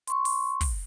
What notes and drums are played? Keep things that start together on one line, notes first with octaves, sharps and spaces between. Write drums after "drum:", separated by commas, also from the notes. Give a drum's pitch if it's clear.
C6 C#6, drum: hi-hat
drum: open hi-hat
drum: kick, open hi-hat